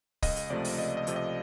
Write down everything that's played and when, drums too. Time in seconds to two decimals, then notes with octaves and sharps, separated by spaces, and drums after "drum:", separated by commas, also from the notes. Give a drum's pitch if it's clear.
0.23 C#2 D#5, drum: kick, open hi-hat
0.36 drum: hi-hat
0.50 C3 F3 A3 D5
0.64 drum: open hi-hat
0.78 C#2 D#5
0.97 D#5
1.07 C3 F3 A3, drum: hi-hat
1.16 D#5